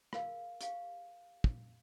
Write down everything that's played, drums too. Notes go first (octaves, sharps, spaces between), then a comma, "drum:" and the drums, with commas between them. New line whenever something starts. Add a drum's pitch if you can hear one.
G#4 A#4 F5, drum: rim click
G4 F5, drum: hi-hat
drum: kick